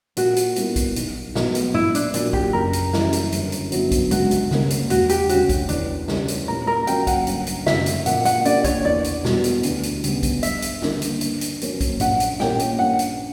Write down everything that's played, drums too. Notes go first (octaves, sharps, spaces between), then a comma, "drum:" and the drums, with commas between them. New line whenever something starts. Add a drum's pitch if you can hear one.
A#2 F#4, drum: hi-hat
drum: hi-hat
G3 B3 E4 A#4, drum: hi-hat
drum: kick A#1, hi-hat
B1, drum: hi-hat
B2 F#3 B3, drum: snare
drum: hi-hat
A#1 E4
D4, drum: hi-hat
A#2 F#3 D4, drum: hi-hat
G4, drum: kick A#1
F#1 A#4
drum: hi-hat
F#2 E3 G3, drum: snare
drum: hi-hat
G1, drum: hi-hat
drum: hi-hat
G2 F#3 B3, drum: hi-hat
drum: kick A#1, hi-hat
C#2 F#4, drum: hi-hat
drum: hi-hat
C#3 G3 A#3, drum: snare
drum: hi-hat
E1 F#4, drum: hi-hat
G4, drum: hi-hat
D2 D3 G3 C#4 F#4, drum: hi-hat
drum: kick A#1, hi-hat
E2 D4, drum: hi-hat
C#3 G3 C#4 G4, drum: snare
drum: hi-hat
A#2 A#4
A#4
F#3 A#3 C#4 G5, drum: hi-hat
F#5, drum: kick A#1, hi-hat
G1, drum: hi-hat
drum: hi-hat
F#2 C#3 E5, drum: snare
drum: hi-hat
A#2 F#5, drum: hi-hat
F#5, drum: hi-hat
A#3 D4 G4 D5, drum: hi-hat
C#5, drum: kick A#1, hi-hat
E2 D5
drum: hi-hat
B2 G3 B3, drum: snare
drum: hi-hat
D2, drum: hi-hat
drum: hi-hat
C#3 G3 B3, drum: hi-hat
drum: kick A#1, hi-hat
G1 E5, drum: hi-hat
drum: hi-hat
G2 D3 A#3, drum: snare
drum: hi-hat
G2, drum: hi-hat
drum: hi-hat
F#3 A#3 C#4, drum: hi-hat
drum: kick A#1, hi-hat
A#1 F#5, drum: hi-hat
drum: hi-hat
A#2 A#3 C#4 G4 G5, drum: snare
drum: hi-hat
G2 F#5
drum: hi-hat